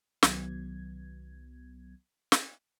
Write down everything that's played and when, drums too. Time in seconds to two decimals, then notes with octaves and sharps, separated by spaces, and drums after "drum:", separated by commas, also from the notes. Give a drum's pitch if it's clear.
0.23 C2 D#3 F#3 B3 G#6, drum: snare
2.32 drum: snare